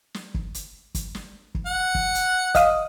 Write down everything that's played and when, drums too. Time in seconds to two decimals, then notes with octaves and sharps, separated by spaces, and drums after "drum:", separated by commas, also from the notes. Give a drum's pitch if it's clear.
0.14 drum: snare
0.34 drum: kick
0.54 drum: hi-hat
0.95 drum: kick, hi-hat
1.15 drum: snare
1.55 drum: kick
1.66 F#5
1.95 drum: kick
2.15 drum: hi-hat
2.55 D#5 F5 D#6, drum: kick, hi-hat